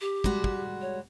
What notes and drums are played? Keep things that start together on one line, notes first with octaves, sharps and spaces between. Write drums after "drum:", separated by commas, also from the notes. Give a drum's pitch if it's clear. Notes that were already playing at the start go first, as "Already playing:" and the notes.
G4
G3 G#3 F#4, drum: kick
drum: kick
C#5